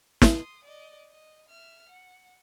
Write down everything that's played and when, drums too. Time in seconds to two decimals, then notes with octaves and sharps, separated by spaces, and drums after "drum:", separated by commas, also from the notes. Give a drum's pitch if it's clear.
0.22 C6 D#6, drum: snare
0.65 D5 D#5
1.11 D#5
1.49 E5 F6
1.89 F#5